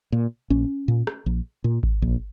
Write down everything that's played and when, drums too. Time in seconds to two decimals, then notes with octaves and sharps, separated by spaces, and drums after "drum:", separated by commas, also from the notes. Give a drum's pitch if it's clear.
0.12 A#2
0.50 A#1 C#4
0.88 A#2
1.07 drum: rim click
1.26 A#1
1.64 A#2
1.83 drum: kick G#1
2.02 A#1